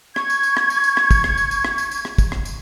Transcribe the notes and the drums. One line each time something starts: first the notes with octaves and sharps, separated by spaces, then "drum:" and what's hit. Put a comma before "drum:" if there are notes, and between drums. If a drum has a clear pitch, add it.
C#6 G#6, drum: rim click
drum: tambourine
drum: tambourine
drum: rim click
drum: tambourine
drum: tambourine
drum: rim click
drum: kick, tambourine
drum: rim click
drum: tambourine
drum: tambourine
drum: rim click
drum: tambourine
drum: tambourine
drum: rim click
drum: kick, tambourine
drum: rim click
drum: tambourine